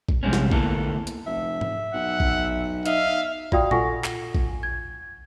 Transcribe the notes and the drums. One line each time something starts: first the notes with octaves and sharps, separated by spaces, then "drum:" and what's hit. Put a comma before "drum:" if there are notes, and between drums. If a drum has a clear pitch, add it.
drum: kick A#1
C3 F3 G3 G#3 C4 C#4
drum: snare
D2 A#3 B3 E4 A4, drum: kick A#1
drum: hi-hat
F1 E5
drum: tom G#2
B1 F#5
drum: kick A#1
D#4 E5 F5, drum: hi-hat
F4 F#4 D5 F5 G5 D#6, drum: kick A#1
F4 A4 F#5 G#5 C#6 A#6, drum: tom A#2
drum: clap
drum: kick A#1
G#6